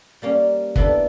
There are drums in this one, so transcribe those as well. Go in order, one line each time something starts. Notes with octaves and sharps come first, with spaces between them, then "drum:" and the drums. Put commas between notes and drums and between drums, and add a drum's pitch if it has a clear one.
G3 A#3 C#4
A#3 B3 D4 E4 A4, drum: kick